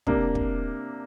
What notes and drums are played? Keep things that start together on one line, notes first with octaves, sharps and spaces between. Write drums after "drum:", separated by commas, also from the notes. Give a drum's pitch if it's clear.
C3 A#3 D4, drum: kick
drum: kick